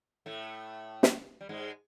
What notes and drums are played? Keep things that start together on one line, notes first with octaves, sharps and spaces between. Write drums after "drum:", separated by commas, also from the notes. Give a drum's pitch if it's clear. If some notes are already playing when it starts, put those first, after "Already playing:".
A2 A3
drum: snare
G3
G#2 G#3